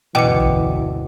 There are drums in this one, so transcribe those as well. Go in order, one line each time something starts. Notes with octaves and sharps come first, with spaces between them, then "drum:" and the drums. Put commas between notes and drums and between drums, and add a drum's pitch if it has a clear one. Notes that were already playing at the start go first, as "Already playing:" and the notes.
F#1 D2 B2 E3 G5 D6 C#7
drum: kick